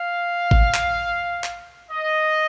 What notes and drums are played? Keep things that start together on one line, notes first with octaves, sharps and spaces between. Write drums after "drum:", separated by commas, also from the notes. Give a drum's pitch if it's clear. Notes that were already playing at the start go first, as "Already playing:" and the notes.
Already playing: F5
drum: kick G#1
drum: clap
drum: clap
D#5